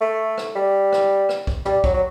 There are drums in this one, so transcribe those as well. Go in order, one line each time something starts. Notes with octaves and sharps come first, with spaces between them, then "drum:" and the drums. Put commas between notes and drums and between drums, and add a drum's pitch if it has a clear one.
A3
drum: rim click
G3
drum: rim click
drum: rim click
drum: kick B1
G3, drum: tom
F#3, drum: kick B1
F#3